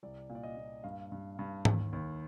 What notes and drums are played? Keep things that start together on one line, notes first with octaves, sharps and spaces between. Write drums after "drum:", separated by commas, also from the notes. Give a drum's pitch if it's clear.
C2 D5
A#2
D5
D#5
A#2
G2 F5
G2
G2
D#2, drum: tom G#2
D#2